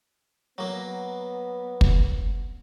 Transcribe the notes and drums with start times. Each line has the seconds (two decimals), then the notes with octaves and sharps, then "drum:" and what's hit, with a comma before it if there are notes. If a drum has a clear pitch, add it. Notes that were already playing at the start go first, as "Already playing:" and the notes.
0.58 F#3 A#3 B3
1.81 drum: kick